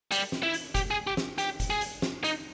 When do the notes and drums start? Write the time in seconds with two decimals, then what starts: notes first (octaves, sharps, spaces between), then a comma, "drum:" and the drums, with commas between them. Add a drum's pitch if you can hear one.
0.12 G3, drum: hi-hat
0.32 drum: snare
0.43 E4
0.54 drum: hi-hat
0.75 G4, drum: kick F1, hi-hat
0.91 G#4
1.07 G4
1.17 drum: snare
1.38 G4, drum: hi-hat
1.60 drum: kick F1, hi-hat
1.70 G#4
1.81 drum: hi-hat
2.02 drum: snare
2.24 D#4, drum: hi-hat